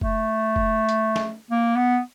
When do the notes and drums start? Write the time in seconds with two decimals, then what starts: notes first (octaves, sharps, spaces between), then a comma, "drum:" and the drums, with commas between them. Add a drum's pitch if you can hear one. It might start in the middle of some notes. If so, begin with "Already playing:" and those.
0.01 A3, drum: kick F1
0.56 drum: kick F1
0.89 drum: hi-hat
1.16 drum: snare
1.51 A#3
1.76 B3